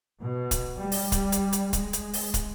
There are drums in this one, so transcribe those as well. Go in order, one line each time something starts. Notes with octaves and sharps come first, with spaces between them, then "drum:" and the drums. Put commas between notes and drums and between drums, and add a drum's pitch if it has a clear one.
B2
drum: kick, hi-hat
G3
drum: open hi-hat
drum: kick, hi-hat
drum: hi-hat
drum: hi-hat
G#3, drum: kick, hi-hat
drum: hi-hat
drum: open hi-hat
drum: kick, hi-hat